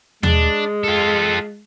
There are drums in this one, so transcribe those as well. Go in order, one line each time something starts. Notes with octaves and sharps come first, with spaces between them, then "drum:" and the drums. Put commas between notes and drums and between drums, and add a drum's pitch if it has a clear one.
G#3 D4, drum: tom D#2
F4 A4